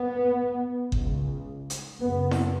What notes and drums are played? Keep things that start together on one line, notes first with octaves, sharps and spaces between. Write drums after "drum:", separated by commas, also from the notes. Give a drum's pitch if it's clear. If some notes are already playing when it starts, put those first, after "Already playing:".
Already playing: B3
C#2 C#3, drum: kick G1
drum: hi-hat
F#2 C#3 B3
drum: snare E4